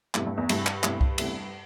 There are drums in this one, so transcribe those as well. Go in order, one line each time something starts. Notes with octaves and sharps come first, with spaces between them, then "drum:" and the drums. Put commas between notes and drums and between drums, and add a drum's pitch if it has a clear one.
E2 G2 C3 A3 E4, drum: clap
G2
E2
E2 G2 C3 A3 E4, drum: cymbal
drum: clap
E2 G2 C3 A3 E4, drum: clap
drum: kick C2
E2 C3 A3 E4, drum: cymbal